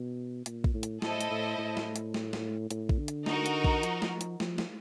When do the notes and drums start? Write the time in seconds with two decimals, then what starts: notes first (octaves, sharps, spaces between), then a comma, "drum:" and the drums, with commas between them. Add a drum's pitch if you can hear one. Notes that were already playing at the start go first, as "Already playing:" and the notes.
Already playing: B2
0.46 A#2, drum: hi-hat
0.64 drum: kick A#1
0.74 A2
0.83 drum: hi-hat
1.02 A2 E4 A4 C5 D#5, drum: snare
1.21 drum: hi-hat
1.31 A2
1.58 A2
1.77 drum: snare
1.96 drum: hi-hat
2.14 drum: snare
2.33 drum: snare
2.71 A2, drum: hi-hat
2.89 drum: kick A#1
2.99 D3
3.08 drum: hi-hat
3.26 D#4 F#4 A#4, drum: snare
3.46 drum: hi-hat
3.64 drum: kick A#1
3.83 F3, drum: hi-hat
4.02 drum: snare
4.21 drum: hi-hat
4.40 F3, drum: snare
4.58 drum: snare